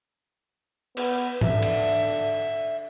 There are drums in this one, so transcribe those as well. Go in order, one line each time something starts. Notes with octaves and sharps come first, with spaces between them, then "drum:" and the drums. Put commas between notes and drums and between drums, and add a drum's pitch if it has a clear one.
B3, drum: cymbal
D3 E5, drum: tom G#2
drum: cymbal